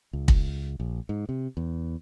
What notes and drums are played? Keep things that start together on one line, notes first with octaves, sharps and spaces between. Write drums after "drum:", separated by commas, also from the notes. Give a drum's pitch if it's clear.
C#2
drum: kick
A#1
G#2
C3
E2